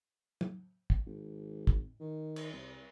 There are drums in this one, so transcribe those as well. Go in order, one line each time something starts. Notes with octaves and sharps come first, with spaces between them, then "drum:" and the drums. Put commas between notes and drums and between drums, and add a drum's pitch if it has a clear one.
drum: tom
drum: kick
G#1
drum: kick
D#3
drum: cymbal
C2